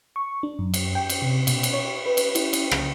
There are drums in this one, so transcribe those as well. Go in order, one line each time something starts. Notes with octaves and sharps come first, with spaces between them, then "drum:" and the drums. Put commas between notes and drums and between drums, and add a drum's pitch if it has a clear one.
C#6
D4
F#2
drum: cymbal
G5
drum: cymbal
C3
B2, drum: cymbal
drum: cymbal
C#5
B4
drum: cymbal
E4, drum: cymbal
drum: cymbal
C#3, drum: rim click